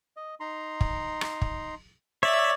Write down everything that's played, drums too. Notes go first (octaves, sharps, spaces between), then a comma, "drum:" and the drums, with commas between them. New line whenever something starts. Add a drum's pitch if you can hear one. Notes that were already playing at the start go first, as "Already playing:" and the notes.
D#5
D#4 A#5 C6
drum: kick
drum: rim click
drum: kick
C#5 D5 E5